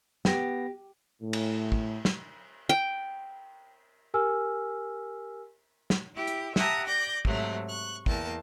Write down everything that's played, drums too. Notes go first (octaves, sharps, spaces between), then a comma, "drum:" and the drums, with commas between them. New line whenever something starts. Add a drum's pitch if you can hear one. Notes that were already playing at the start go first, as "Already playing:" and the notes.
B3 G4 A#6, drum: snare
A2
drum: cymbal
drum: kick
drum: snare
G5
G4 A#4 G#5 E6 F6
drum: snare
E4 G4
drum: hi-hat
G4 E5 F#5 A5 A#5 D#6, drum: snare
D5 D6 G6 A#6
G#2 C3 F#3 A3, drum: kick
C#6 F#6
E2 A#3 G5 A5, drum: kick